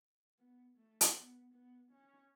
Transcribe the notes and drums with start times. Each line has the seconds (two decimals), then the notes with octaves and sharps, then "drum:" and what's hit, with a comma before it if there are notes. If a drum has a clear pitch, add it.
0.39 B3
0.77 A3
1.01 drum: hi-hat
1.15 B3
1.53 B3
1.92 C#4